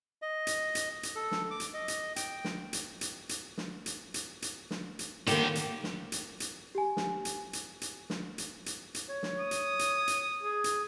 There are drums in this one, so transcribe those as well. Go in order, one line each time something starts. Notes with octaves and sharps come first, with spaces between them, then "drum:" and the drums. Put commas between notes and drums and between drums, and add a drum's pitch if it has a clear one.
D#5
drum: hi-hat
drum: hi-hat
drum: hi-hat
A4
drum: snare
D6
drum: hi-hat
D#5
drum: hi-hat
G5, drum: hi-hat
drum: snare
drum: hi-hat
drum: hi-hat
drum: hi-hat
drum: snare
drum: hi-hat
drum: hi-hat
drum: hi-hat
drum: snare
drum: hi-hat
D3 D#3 A#3 G4, drum: hi-hat
drum: hi-hat
drum: snare
drum: hi-hat
drum: hi-hat
G4 G#5
drum: snare
drum: hi-hat
drum: hi-hat
drum: hi-hat
drum: snare
drum: hi-hat
drum: hi-hat
drum: hi-hat
C#5
drum: snare
D#6
drum: hi-hat
drum: hi-hat
drum: hi-hat
G#4
drum: hi-hat